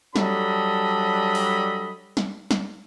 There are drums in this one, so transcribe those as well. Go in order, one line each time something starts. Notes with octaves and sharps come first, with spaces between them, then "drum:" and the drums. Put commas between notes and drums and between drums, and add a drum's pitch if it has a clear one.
F#3 G3 D4 A4 D#5 B5, drum: snare
drum: open hi-hat
drum: snare
drum: snare